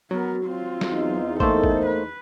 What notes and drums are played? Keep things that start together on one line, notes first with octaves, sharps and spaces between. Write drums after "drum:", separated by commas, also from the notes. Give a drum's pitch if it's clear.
F#3 B3 A#4
C4 F4
drum: snare
E2 D#4
A3 A#3 A4 C5, drum: kick
drum: kick
B4